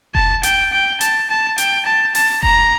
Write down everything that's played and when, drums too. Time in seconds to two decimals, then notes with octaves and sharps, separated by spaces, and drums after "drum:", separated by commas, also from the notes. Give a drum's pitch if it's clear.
0.15 A5, drum: kick F1
0.43 G5, drum: hi-hat
0.72 G5
1.01 A5, drum: hi-hat
1.30 A5
1.58 G5, drum: hi-hat
1.86 A5
2.15 A5, drum: open hi-hat
2.43 A#5, drum: kick F1